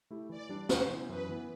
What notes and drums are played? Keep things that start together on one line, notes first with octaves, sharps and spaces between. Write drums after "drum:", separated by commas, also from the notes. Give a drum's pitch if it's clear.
A3 E4 G4
E3 D5
G3 D4
C3 C5, drum: snare
E3 B3
F#2 B4
E3 B3